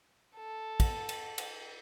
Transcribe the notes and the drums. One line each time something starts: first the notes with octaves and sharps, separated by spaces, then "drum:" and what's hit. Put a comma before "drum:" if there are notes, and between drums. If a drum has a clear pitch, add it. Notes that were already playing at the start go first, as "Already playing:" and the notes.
A4
drum: kick, cymbal
drum: cymbal
drum: cymbal